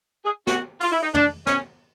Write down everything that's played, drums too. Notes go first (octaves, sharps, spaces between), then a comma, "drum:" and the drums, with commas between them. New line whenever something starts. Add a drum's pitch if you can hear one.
G#4
F#4, drum: snare
F4, drum: open hi-hat
E4
D#4
D4, drum: tom
C#4, drum: snare